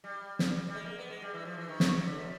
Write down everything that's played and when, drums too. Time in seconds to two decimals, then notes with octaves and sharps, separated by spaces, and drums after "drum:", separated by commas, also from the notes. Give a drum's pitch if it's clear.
0.04 G3
0.39 drum: snare
0.68 G3
0.75 G#3
0.86 A#3
0.98 B3
1.10 G#3
1.22 G3
1.34 E3
1.45 F3
1.57 E3
1.69 D#3
1.80 C#3, drum: snare
1.92 C#3
2.04 D3
2.16 B2